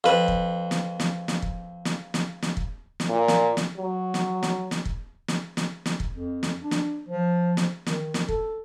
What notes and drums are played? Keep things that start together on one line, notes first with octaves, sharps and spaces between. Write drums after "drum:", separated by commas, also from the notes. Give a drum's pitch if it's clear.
F2 B4
drum: kick
drum: snare
drum: snare
drum: snare
drum: kick
drum: snare
drum: snare
drum: snare
drum: kick
drum: snare
A#2
drum: snare
drum: snare
F#3
drum: snare
drum: snare
drum: snare
drum: kick
drum: snare
drum: snare
drum: snare
drum: kick
F2
drum: snare
D4
drum: snare
F3
drum: snare
D#3, drum: snare
drum: snare
A4, drum: kick